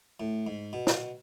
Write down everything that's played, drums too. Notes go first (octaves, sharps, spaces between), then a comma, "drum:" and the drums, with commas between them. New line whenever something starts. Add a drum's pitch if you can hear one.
A2
G#2
B2
drum: snare